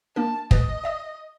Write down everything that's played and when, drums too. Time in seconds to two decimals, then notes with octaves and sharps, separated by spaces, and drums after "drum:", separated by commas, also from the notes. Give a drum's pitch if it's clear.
0.16 A#3 D4 A#4 A5
0.51 D2 B4 D#5 A6, drum: kick
0.84 D5 E5 D#6